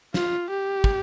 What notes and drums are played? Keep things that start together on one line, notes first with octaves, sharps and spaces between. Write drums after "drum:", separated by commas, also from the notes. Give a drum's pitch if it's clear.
F4, drum: snare
G4
drum: kick